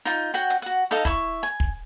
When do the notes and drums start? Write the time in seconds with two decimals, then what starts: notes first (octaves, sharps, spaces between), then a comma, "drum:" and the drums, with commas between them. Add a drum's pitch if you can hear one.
0.05 D#4 F4
0.34 F#4 C#5 F#5 G5
0.50 drum: hi-hat
0.62 F#4 F#5
0.91 D#4 A4 D#5 F5
1.05 E4 C#6, drum: kick
1.43 G#5
1.60 drum: kick